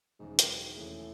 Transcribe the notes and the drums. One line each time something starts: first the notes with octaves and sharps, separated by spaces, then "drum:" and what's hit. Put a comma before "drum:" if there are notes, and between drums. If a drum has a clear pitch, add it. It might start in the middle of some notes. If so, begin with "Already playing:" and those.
E1 E2 G#2 C#3 G#3
F#2, drum: hi-hat
G#2
E1 E2 A2 C#3 G#3